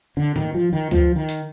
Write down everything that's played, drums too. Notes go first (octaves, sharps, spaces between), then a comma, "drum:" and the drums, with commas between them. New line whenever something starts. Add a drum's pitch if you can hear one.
D3
D#3, drum: tom G#2
F3
D#3
F3, drum: kick C#2
D#3
drum: hi-hat